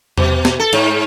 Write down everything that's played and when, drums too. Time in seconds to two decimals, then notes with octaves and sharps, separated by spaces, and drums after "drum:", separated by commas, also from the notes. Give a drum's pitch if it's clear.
0.18 B2, drum: tom E2
0.45 drum: snare
0.60 A4
0.73 G#2, drum: cymbal